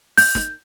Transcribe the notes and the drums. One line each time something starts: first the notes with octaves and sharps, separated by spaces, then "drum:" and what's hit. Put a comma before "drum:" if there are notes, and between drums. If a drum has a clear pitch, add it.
G6, drum: open hi-hat
drum: snare